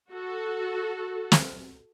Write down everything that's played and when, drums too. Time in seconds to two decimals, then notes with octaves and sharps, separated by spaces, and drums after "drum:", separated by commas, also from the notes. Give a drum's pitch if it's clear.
0.12 F#4 A4
1.32 drum: snare